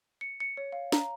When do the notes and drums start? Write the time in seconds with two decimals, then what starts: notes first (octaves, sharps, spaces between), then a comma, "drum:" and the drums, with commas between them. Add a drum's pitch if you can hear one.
0.21 C#7
0.40 C#7
0.57 C#5
0.72 F5
0.92 A#5, drum: snare